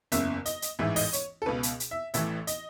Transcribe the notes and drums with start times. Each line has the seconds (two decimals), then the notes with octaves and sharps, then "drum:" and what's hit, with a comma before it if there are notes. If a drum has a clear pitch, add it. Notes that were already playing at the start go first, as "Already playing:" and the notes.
0.12 F#1 E2 C#3 E5, drum: hi-hat
0.46 D#5, drum: hi-hat
0.62 drum: hi-hat
0.79 A1 G#2 E3 E5
0.96 D#5, drum: open hi-hat
1.13 C#5, drum: hi-hat
1.42 A4
1.46 C#2 B2 B4
1.63 drum: hi-hat
1.80 drum: hi-hat
1.91 E5
2.14 A1 A2 E3 E5, drum: hi-hat
2.47 D#5, drum: hi-hat